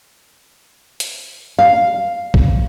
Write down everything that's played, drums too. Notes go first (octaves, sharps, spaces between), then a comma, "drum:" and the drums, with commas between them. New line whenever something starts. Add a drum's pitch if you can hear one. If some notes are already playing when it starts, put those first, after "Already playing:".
drum: hi-hat
F5
drum: kick A#1